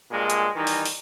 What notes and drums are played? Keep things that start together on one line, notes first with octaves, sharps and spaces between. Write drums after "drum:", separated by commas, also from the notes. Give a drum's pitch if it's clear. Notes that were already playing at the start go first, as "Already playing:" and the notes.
G2 A#2 G#3
drum: hi-hat
D#3 E3 G3 D#4
drum: open hi-hat
drum: open hi-hat